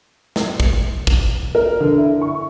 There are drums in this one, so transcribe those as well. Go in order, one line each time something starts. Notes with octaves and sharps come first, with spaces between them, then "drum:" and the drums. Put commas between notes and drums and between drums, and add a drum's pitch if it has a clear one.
drum: snare
drum: kick
drum: kick
A#4
D3
E4
C#6